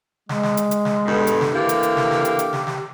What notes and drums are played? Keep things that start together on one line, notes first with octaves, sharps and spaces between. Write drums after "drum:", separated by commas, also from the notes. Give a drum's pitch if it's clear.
G#3, drum: snare
drum: snare
drum: hi-hat
drum: hi-hat
drum: snare
G2 B2 D3
drum: hi-hat
drum: snare
D3 E3 A#3 G4
drum: hi-hat
drum: hi-hat
drum: snare
drum: snare
drum: hi-hat
drum: hi-hat
drum: snare
drum: snare